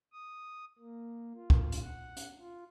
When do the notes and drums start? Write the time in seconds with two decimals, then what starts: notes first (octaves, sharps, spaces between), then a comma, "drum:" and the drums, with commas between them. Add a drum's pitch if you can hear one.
0.12 D#6
0.79 A#3
1.34 F4
1.50 drum: kick
1.72 drum: hi-hat
1.83 F#5
2.16 drum: hi-hat
2.39 F4